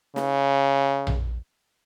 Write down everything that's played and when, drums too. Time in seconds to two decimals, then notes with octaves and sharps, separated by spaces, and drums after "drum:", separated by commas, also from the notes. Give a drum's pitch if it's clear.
0.16 C#3, drum: snare
1.07 drum: tom A#1